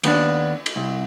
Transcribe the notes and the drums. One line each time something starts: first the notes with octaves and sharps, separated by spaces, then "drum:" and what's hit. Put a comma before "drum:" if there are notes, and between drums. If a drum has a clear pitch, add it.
D#2 B3 C4 D4, drum: cymbal
drum: cymbal
C2